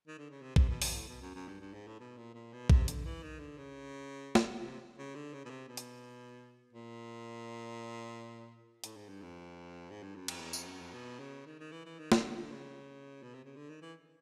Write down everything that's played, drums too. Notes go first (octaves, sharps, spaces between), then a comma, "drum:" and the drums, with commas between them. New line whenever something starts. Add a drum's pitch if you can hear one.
D#3
D3
C#3
C3
C3, drum: kick A#1
B2
B2, drum: open hi-hat
A2
B2
F#2
F#2
G2
G2
G#2
A2
B2
A#2
A#2
B2
C3, drum: kick A#1
D3, drum: hi-hat
E3
D#3
D3
C#3
drum: snare
C3
C#3
D3
C#3
B2
C3
B2
drum: hi-hat
A#2
A2, drum: hi-hat
G#2
G2
F2
G#2
G2
F#2
F2, drum: cymbal
E2
F2, drum: tambourine
F#2
F2
B2
C#3
D#3
D#3
E3
E3
D#3
D#3, drum: snare
D3
D#3
D3
C#3
B2
C3
C#3
D3
D#3
E3